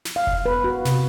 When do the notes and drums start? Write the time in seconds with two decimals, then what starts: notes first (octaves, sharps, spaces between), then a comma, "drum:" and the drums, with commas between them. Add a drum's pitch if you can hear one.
0.05 drum: snare
0.16 F5
0.27 drum: kick F1
0.46 B4
0.64 F#4
0.85 C3, drum: snare